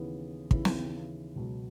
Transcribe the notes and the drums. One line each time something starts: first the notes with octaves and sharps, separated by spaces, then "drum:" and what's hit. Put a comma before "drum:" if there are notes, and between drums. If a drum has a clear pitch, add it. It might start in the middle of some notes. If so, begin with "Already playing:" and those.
Already playing: D#2 C#3 E3 B3 E4
D#2 C#3 E3 B3 E4, drum: kick
drum: snare
C#2 B2 F#3